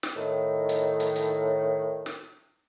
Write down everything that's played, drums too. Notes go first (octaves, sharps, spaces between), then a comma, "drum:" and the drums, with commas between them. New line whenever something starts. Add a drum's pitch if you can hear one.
drum: snare
A2 D#3
drum: hi-hat
drum: hi-hat
drum: hi-hat
drum: snare